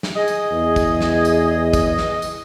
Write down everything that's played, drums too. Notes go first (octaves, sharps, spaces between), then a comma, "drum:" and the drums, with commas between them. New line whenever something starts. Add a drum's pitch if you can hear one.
drum: snare
G#4 D#5
drum: tambourine
E2
drum: kick, tambourine
drum: snare
drum: tambourine
drum: kick, tambourine
drum: snare
drum: tambourine